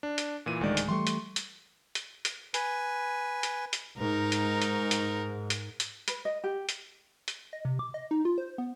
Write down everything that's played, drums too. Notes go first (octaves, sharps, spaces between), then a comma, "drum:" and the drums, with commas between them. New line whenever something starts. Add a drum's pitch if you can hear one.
D4
drum: hi-hat
A#2 E3 D#7
D1 D2 D#3 G#3 D5
drum: hi-hat
E3 G3 A3 C6 C#6
drum: hi-hat
drum: hi-hat
drum: hi-hat
drum: hi-hat
B4 G#5, drum: hi-hat
drum: hi-hat
drum: hi-hat
G#2 D#4 A#4
drum: hi-hat
drum: hi-hat
drum: hi-hat
drum: hi-hat
drum: hi-hat
B4, drum: hi-hat
D#5
G4
drum: hi-hat
drum: hi-hat
D#5
C3
D6
D#5
D#4
F4
C5
B3